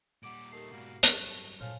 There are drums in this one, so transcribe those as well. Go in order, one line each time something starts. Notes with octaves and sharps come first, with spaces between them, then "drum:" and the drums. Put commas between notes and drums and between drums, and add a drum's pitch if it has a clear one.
A#2 G3 F#5 D6 D7
A3 D#4 G4 A#4 C7
G#2 B2 G3 A#3 F#4
G2 F#3 A3 D4, drum: hi-hat
A#2 A4 C5 C#5 F5 G#5 F6